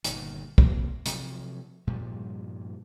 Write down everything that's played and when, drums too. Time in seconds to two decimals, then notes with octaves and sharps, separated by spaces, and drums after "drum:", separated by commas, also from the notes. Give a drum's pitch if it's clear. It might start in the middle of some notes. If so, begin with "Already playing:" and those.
0.04 G1 A#2 D#3, drum: hi-hat
0.58 C3 A#3, drum: kick
1.06 C3 F3 F#3, drum: hi-hat
1.87 G2 A#2 F3 G3